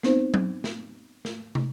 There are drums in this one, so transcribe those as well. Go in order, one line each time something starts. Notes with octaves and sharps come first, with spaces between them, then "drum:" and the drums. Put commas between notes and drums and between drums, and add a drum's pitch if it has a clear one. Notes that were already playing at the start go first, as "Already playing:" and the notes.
B3 C4 D#4 C5, drum: snare
drum: tom F#3
drum: snare
drum: snare
drum: tom